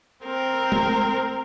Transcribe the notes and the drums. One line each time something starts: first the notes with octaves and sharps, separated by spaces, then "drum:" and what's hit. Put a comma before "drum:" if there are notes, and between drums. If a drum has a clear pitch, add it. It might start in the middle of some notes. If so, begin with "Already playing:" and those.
C4 A#4
drum: tom G#3